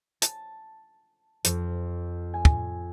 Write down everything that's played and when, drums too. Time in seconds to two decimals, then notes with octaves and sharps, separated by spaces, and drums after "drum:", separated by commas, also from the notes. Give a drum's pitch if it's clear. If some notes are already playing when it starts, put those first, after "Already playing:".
0.22 A5, drum: hi-hat
1.44 F2, drum: hi-hat
2.34 G#5
2.45 drum: kick